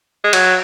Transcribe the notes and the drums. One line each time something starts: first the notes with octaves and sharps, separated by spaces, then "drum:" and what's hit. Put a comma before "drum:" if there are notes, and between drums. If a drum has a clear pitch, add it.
G#3
F#3, drum: cymbal